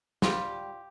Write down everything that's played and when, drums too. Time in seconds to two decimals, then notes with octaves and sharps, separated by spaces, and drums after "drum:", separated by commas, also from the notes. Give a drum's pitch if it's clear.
0.22 G3 F4 G4, drum: snare